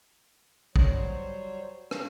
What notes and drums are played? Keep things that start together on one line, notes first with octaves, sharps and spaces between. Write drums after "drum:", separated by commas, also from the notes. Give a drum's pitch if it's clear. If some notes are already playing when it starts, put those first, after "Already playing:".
F#3 G3 C5 C#5, drum: kick
drum: rim click